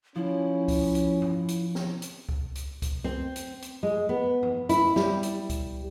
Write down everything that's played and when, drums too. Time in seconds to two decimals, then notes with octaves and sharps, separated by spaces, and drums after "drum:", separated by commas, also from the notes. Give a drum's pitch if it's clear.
0.16 F3 C#4 E4
0.68 drum: kick C#2, open hi-hat
0.95 drum: hi-hat
1.22 drum: tom G2
1.48 drum: hi-hat
1.75 drum: snare
2.02 drum: hi-hat
2.29 drum: kick C#2
2.55 drum: hi-hat
2.82 drum: kick C#2, hi-hat
3.04 C4
3.36 drum: hi-hat
3.62 drum: hi-hat
3.83 G#3
4.09 B3
4.43 drum: tom G2
4.69 E4, drum: hi-hat
4.96 G3, drum: snare
5.23 drum: hi-hat
5.50 drum: kick C#2, hi-hat